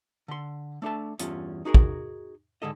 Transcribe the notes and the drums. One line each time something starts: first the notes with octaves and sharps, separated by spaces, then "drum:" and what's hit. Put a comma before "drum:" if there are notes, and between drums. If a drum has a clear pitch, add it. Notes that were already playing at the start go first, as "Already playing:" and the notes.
D3 C6
A3 D4 A4 A5
E2 G2 C#4 F4, drum: hi-hat
D#4 F#4 G#4 A#4
drum: kick
G#2 D3 G#3 A4 D#5